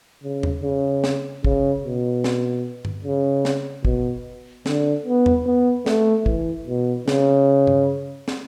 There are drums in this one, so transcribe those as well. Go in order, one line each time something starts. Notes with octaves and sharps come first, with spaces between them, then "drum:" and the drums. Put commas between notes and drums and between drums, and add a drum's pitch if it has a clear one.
C#3
drum: tom E2
C#3
drum: snare
C#3, drum: kick
B2
drum: snare
drum: tom G2
C#3
drum: snare
B2, drum: kick
D3, drum: snare
B3
drum: tom E2
B3
A3, drum: snare
E3, drum: kick
B2
C#3, drum: snare
drum: tom G2
drum: snare